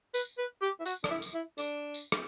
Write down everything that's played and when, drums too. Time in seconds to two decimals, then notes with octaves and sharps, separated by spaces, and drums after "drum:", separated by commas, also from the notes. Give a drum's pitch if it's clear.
0.14 B4, drum: tambourine
0.38 B4
0.62 G4
0.80 E4
0.86 F#4, drum: tambourine
1.04 D4, drum: rim click
1.10 E4
1.22 drum: tambourine
1.34 E4
1.58 D4, drum: tambourine
1.94 drum: tambourine
2.12 drum: rim click